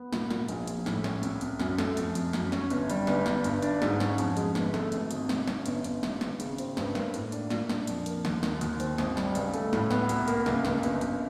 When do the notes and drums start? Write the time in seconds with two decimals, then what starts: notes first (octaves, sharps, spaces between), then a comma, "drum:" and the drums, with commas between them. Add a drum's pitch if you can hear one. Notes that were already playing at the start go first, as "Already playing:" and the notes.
Already playing: B3
0.13 A#2, drum: snare
0.30 A#2, drum: snare
0.48 A#1, drum: hi-hat
0.67 A#1, drum: hi-hat
0.86 A2, drum: snare
1.04 C#4, drum: snare
1.23 C2, drum: hi-hat
1.41 C2, drum: hi-hat
1.59 F#2, drum: snare
1.78 A3, drum: snare
1.97 F2, drum: hi-hat
2.15 F2, drum: hi-hat
2.33 F#2, drum: snare
2.52 C#4, drum: snare
2.70 G1, drum: hi-hat
2.90 G3, drum: hi-hat
3.07 G1, drum: snare
3.26 G1, drum: snare
3.44 G2, drum: hi-hat
3.62 D4, drum: hi-hat
3.82 G#2, drum: snare
4.00 C#4, drum: snare
4.18 F2, drum: hi-hat
4.37 G#3, drum: hi-hat
4.55 G1, drum: snare
4.74 A3, drum: snare
4.92 G#1, drum: hi-hat
5.11 G#1, drum: hi-hat
5.29 C3, drum: snare
5.48 C#4, drum: snare
5.66 G1, drum: hi-hat
5.84 G1, drum: hi-hat
6.03 G#1, drum: snare
6.21 G#1, drum: snare
6.40 C#3, drum: hi-hat
6.58 C4, drum: hi-hat
6.77 G2, drum: snare
6.95 A#3, drum: snare
7.14 A2, drum: hi-hat
7.32 D4, drum: hi-hat
7.50 A#2, drum: snare
7.69 D4, drum: snare
7.87 F2, drum: hi-hat
8.06 A#3, drum: hi-hat
8.25 D#2, drum: snare
8.43 D#2, drum: snare
8.61 D#2, drum: hi-hat
8.80 C4, drum: hi-hat
8.98 G#1, drum: snare
9.17 G3, drum: snare
9.35 C#2, drum: hi-hat
9.54 A3, drum: hi-hat
9.73 A2, drum: snare
9.91 B3, drum: snare
10.09 C2, drum: hi-hat
10.28 A#3, drum: hi-hat
10.46 C#2, drum: snare
10.65 C#2, drum: snare
10.83 G1, drum: hi-hat
11.01 G1, drum: hi-hat